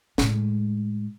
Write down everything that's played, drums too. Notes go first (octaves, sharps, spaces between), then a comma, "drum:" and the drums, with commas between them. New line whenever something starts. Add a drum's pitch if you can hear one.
A2 G#3, drum: snare